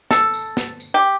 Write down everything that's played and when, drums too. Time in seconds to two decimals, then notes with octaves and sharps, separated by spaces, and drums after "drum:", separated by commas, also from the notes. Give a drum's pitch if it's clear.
0.11 A4, drum: snare
0.34 drum: tambourine
0.57 drum: snare
0.80 drum: tambourine
0.94 G4